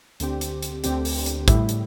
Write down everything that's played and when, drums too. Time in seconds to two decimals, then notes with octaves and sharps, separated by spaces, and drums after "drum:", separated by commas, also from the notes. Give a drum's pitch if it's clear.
0.20 D2 D3 C4 G4, drum: hi-hat
0.41 drum: hi-hat
0.63 drum: hi-hat
0.84 D2 D3 C4 G4, drum: hi-hat
1.05 drum: open hi-hat
1.26 drum: hi-hat
1.48 A2 G3 E4, drum: kick, hi-hat
1.69 drum: hi-hat